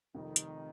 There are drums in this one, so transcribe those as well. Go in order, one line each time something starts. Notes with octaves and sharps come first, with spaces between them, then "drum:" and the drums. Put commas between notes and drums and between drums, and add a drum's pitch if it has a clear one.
F1 F2 C3 D#3
drum: hi-hat